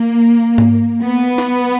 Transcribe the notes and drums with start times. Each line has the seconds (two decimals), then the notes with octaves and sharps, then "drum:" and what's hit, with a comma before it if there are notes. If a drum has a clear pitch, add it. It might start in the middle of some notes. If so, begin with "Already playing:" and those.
Already playing: A#3
0.58 drum: tom G#2
1.04 B3
1.38 drum: snare